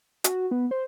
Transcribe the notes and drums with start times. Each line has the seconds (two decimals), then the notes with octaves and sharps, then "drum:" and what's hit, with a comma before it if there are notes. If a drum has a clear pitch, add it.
0.24 F#4, drum: hi-hat
0.51 B3
0.71 C5